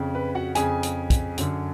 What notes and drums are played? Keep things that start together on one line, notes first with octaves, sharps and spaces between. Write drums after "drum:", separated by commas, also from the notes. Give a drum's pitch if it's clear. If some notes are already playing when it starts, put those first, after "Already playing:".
Already playing: F2 C#3
B4
F#4 F#5
F2 C#3 G#4 G#5, drum: hi-hat
drum: hi-hat
drum: kick, hi-hat
F#2 D3, drum: hi-hat